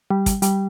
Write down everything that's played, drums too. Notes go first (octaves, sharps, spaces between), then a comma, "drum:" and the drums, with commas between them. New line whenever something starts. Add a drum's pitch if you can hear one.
G3
drum: kick, hi-hat
G3, drum: hi-hat